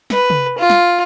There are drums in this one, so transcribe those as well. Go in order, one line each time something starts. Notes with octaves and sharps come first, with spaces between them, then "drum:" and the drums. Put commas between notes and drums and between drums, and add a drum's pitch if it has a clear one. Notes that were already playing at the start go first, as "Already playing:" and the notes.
B4, drum: snare
drum: tom
F4
drum: snare